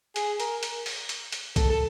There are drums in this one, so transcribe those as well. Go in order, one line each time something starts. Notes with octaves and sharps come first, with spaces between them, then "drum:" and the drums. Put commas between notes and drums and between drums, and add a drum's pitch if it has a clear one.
G#4, drum: hi-hat
A#4, drum: hi-hat
drum: hi-hat
drum: open hi-hat
drum: hi-hat
drum: hi-hat
A4, drum: kick B1, hi-hat
A4